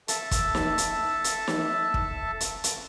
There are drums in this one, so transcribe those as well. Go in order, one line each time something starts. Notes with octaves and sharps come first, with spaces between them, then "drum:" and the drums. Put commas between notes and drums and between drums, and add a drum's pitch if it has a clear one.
A4 E5 A5, drum: hi-hat
drum: kick, hi-hat
drum: snare
drum: hi-hat
drum: hi-hat
drum: snare
drum: kick
drum: hi-hat
drum: hi-hat